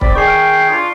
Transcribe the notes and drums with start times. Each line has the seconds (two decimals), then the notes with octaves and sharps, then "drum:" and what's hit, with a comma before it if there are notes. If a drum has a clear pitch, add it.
0.01 C4 D5 B5, drum: kick C#1
0.15 D#3 G#4 G5 C#6 C7
0.27 F6 D7
0.53 C7
0.70 D4 F4